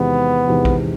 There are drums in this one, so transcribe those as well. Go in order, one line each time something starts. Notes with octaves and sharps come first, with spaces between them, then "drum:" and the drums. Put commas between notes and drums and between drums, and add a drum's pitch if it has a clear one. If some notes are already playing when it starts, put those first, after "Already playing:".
Already playing: E2 C3 D#3 G#3 B3
E2 C3 D#3 G#3
drum: kick A#1